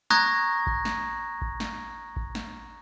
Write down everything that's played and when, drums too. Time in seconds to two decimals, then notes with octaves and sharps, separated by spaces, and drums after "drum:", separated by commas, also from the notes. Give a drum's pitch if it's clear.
0.10 A#5 C#6 D#6 F#6 G#6 A#6, drum: snare
0.67 drum: kick A1
0.85 drum: snare
1.41 drum: kick A1
1.60 drum: snare
2.16 drum: kick A1
2.35 drum: snare